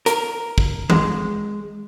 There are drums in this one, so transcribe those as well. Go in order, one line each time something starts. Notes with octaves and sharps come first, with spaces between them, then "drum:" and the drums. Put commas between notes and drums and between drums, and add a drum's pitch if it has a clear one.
A#4, drum: hi-hat
drum: kick
G#3, drum: tom D#3